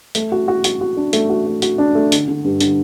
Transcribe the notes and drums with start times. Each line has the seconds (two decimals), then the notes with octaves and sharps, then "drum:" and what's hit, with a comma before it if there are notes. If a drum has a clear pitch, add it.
0.15 A3, drum: hi-hat
0.32 F#4
0.48 F#4
0.64 F#4, drum: hi-hat
0.81 F#4
0.97 D4
1.13 A3, drum: hi-hat
1.30 F#4
1.47 A3
1.62 F#4, drum: hi-hat
1.78 D4
1.95 A3
2.12 D3, drum: hi-hat
2.28 D3
2.44 G2
2.61 D3, drum: hi-hat